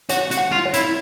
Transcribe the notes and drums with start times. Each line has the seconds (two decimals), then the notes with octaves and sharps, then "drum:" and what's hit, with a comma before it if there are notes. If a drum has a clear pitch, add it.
0.09 F#4 C#5, drum: hi-hat
0.31 F#4, drum: hi-hat
0.37 F#5
0.52 F4
0.66 C#5
0.74 E4, drum: hi-hat